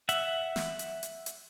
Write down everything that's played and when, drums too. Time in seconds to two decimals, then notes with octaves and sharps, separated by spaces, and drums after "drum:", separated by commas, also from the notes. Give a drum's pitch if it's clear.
0.09 E5 F#5, drum: hi-hat
0.56 drum: snare
0.79 drum: hi-hat
1.03 drum: hi-hat
1.26 drum: hi-hat